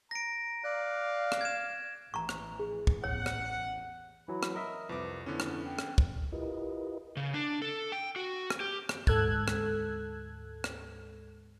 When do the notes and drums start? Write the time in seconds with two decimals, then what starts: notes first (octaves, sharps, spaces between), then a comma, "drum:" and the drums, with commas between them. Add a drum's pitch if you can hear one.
0.11 A#5 A#6 D7
0.64 D5 F5 F#6
1.32 drum: rim click
1.41 G#6 E7
2.14 A1 E3 A#5 C#6
2.29 drum: rim click
2.59 G#4
2.87 drum: kick
3.04 A1 E2 C#5 F#5
3.26 drum: rim click
4.28 E3 F#3 B5
4.43 drum: rim click
4.55 A#4 D#5 E5
4.89 C2 F2 F3 B4 D6
5.26 D3 B3 C#4 E4
5.40 drum: rim click
5.65 G5
5.79 drum: rim click
5.98 drum: kick
6.32 E4 F4 G4 A#4 B4 D#5
7.17 C#3
7.34 D4
7.62 A4
7.92 G5
8.16 F#4
8.50 drum: rim click
8.60 G4
8.89 drum: rim click
9.07 D2 G#2 A4 E6 F#6 G#6, drum: kick
9.48 drum: rim click
10.64 drum: rim click